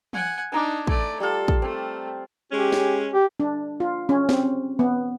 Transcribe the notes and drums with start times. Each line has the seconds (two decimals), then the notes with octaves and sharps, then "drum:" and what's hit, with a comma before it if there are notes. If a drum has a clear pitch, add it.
0.13 F#5 G#5, drum: tom E3
0.52 D4 D#4 G#5 A#5 D6
0.87 A3 D5, drum: kick
1.20 G3 F4 A4
1.48 drum: kick
1.62 A3 C4
2.52 G#3 C#4 G4
2.72 drum: snare
3.14 G4
3.40 D4
3.80 F4
4.09 C#4
4.29 C4, drum: snare
4.79 B3